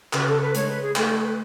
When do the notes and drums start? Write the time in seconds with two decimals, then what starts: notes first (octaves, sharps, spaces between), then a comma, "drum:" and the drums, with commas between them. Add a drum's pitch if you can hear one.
0.13 C#3 B4, drum: clap
0.27 A4
0.41 B4
0.55 G#3 C#5, drum: hi-hat
0.68 B4
0.82 G#4
0.96 A3 A4, drum: clap
1.09 A4
1.23 B4